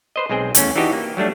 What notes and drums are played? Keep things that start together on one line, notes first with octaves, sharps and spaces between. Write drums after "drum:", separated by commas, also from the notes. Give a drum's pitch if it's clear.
B4 C5 D#5
B1 G#3 C4 G#4 G5
E2 A3 C#4, drum: hi-hat
E3 D4 D#4 F#4 G4 D#5
A#3
F#3 G3 A3 D4